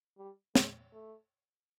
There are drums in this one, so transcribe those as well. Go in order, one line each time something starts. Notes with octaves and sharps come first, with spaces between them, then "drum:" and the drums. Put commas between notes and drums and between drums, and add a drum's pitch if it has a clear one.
G3
G#3, drum: snare
A3